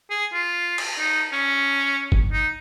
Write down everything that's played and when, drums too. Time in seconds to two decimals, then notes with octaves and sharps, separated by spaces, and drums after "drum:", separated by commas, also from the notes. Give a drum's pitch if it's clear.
0.10 G#4
0.33 F4
0.78 drum: cymbal
0.99 D#4
1.33 C#4
2.12 drum: kick G1
2.33 D#4